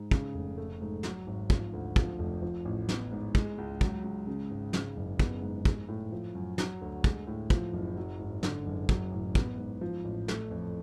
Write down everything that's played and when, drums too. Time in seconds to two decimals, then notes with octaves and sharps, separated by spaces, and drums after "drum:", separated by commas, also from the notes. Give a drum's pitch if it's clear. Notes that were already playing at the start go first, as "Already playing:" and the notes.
Already playing: G#2
0.11 C#3, drum: kick
0.34 F1
0.58 A3
0.81 G#2
1.03 F#3, drum: snare
1.27 G#1
1.50 F3, drum: kick
1.73 D2
1.96 F3, drum: kick
2.19 F1
2.42 F3
2.65 A1
2.89 B3, drum: snare
3.12 G#2
3.35 G#3, drum: kick
3.58 C#2
3.81 F#3, drum: kick
4.04 C#2
4.27 C#3
4.50 G#1
4.73 C#3, drum: snare
4.97 F#1
5.19 B3, drum: kick
5.42 G#2
5.65 G#3, drum: kick
5.89 A2
6.12 F3
6.35 F#2
6.58 F#3, drum: snare
6.82 D2
7.04 G#3, drum: kick
7.27 A2
7.50 F3, drum: kick
7.73 F#1
7.97 F#3
8.20 G#1
8.43 D3, drum: snare
8.66 F#1
8.89 F#3, drum: kick
9.12 A1
9.35 B3, drum: kick
9.58 G#2
9.81 F3
10.05 A1
10.28 A3, drum: snare
10.51 F2